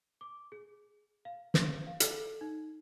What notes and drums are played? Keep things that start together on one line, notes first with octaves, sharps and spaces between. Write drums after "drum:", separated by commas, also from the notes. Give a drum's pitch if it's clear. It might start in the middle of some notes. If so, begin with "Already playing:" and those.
D6
G#4
F5
drum: snare
F5
A4, drum: hi-hat
D#4